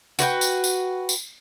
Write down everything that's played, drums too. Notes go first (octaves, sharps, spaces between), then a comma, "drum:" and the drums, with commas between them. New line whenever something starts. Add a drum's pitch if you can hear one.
F#4 B4 C#5 G5, drum: tambourine
drum: tambourine
drum: tambourine
drum: tambourine